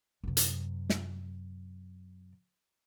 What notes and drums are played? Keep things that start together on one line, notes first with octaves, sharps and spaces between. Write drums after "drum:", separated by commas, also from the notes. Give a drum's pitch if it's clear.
F#2 C3
drum: hi-hat
drum: snare